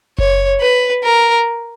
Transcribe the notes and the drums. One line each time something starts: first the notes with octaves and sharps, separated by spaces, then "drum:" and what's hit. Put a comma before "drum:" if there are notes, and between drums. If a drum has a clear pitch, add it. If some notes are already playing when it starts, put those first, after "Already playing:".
C#5, drum: kick F#1
B4
A#4